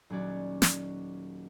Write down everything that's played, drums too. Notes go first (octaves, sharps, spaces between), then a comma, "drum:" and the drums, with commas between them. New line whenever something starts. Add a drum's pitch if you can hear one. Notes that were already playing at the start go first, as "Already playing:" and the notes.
D#1 F#3 C#4 F#4 D5
drum: snare